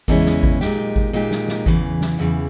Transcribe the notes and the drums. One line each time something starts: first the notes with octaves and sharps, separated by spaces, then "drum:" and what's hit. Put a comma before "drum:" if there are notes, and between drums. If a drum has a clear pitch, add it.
E2 C#3 G#3 C#4 E4, drum: kick G#1
drum: snare
drum: kick G#1
A#2 G#3 D#4 G4, drum: snare
drum: kick G#1
A#2 G#3 D#4 G4
drum: snare
drum: snare
E2 C#3 E3, drum: kick G#1
drum: snare
E2 C#3 E3